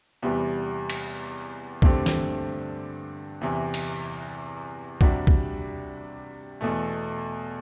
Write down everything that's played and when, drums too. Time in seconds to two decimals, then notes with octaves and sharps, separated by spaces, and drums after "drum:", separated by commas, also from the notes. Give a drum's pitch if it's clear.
0.22 E2 C3 G3 B3
0.90 drum: cymbal
1.82 G2 D3 A3 C4 G4, drum: kick
2.06 drum: snare
3.41 E2 C3 E3
3.74 drum: cymbal
5.01 C3 G3 D4 F#4, drum: kick
5.27 drum: kick
6.61 E2 B2 A3